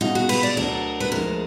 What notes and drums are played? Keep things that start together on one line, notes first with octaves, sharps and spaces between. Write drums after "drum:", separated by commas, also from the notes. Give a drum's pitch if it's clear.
B2 G#3 B3 D#4 F4
F#4
B4, drum: cymbal
D5
D2 D3 F#3 D4 A#4
B4
D2 D3 F3 G#3 A#4